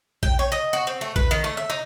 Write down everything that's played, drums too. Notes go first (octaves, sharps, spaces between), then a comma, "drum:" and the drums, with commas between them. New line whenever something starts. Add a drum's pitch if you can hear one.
G5, drum: kick A#1
C#5
D#5
F#4
C4
A3
B4, drum: kick A#1
D#3
A3
E5
D#4